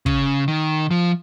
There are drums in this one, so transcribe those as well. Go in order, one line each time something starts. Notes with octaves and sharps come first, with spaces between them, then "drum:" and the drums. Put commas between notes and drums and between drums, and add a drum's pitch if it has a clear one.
C#3, drum: kick
D#3
F3